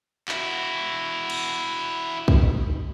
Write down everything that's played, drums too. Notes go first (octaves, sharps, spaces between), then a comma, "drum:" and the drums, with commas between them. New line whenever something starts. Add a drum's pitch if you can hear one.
E4 F#4, drum: clap
drum: cymbal
drum: kick